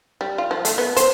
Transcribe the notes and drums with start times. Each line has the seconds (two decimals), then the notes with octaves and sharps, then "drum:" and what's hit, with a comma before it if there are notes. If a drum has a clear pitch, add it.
0.21 G3
0.38 F4
0.51 F3
0.65 A3, drum: hi-hat
0.78 B3
0.97 C5, drum: hi-hat